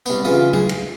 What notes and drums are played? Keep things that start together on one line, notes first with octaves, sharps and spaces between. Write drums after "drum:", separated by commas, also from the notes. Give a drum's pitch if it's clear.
C2 B3, drum: tambourine
C#3 E3 F4 D#6
G#4, drum: tom
drum: cymbal